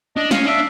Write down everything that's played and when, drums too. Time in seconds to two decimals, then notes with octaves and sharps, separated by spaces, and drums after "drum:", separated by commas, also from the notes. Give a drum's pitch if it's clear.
0.16 D4 D#5
0.31 C#4 F5, drum: snare
0.46 D4 E5